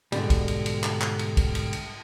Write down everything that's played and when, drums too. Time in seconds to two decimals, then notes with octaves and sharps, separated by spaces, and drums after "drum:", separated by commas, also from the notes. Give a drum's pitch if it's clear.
0.12 G#2 B2 D3 D#3 F#3 G3, drum: cymbal
0.30 drum: kick, cymbal
0.48 drum: cymbal
0.66 drum: cymbal
0.84 drum: clap
1.01 drum: clap
1.19 drum: cymbal
1.37 drum: kick, cymbal
1.55 drum: cymbal
1.73 drum: cymbal